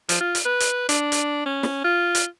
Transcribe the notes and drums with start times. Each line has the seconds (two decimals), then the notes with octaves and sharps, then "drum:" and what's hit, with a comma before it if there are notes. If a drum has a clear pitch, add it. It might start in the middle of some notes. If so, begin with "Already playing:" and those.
0.09 F3, drum: hi-hat
0.21 F4
0.35 drum: hi-hat
0.45 B4
0.60 drum: hi-hat
0.89 D4, drum: hi-hat
1.12 drum: hi-hat
1.46 C#4
1.63 drum: snare
1.84 F4
2.15 drum: hi-hat